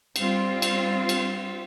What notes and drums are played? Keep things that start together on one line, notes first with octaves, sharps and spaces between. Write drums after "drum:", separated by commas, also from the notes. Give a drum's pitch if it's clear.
G3 C4 F4, drum: cymbal
drum: cymbal
drum: cymbal